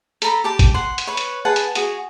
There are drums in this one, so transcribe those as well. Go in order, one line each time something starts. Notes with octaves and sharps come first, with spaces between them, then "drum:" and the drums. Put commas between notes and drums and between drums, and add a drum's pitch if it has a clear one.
A4 A#5 B5, drum: hi-hat
G4 A5 D6
drum: kick, hi-hat
F#5 C6
drum: hi-hat
B4 C#5
drum: hi-hat
G#4 B4 F#5 A5
drum: hi-hat
F#4 G#4, drum: hi-hat